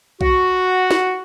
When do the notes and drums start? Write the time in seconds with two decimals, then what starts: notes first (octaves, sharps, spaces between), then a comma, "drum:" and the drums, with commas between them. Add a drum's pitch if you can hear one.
0.21 F#4, drum: kick B1
0.91 drum: snare